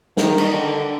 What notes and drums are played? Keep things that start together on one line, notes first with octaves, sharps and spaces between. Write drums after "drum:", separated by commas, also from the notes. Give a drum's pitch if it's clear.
D#3, drum: snare
drum: cymbal
D3